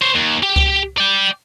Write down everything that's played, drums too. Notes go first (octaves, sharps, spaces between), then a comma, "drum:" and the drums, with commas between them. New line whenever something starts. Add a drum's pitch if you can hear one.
C5 C#5
D#2
G4
drum: kick C#2
D5 G5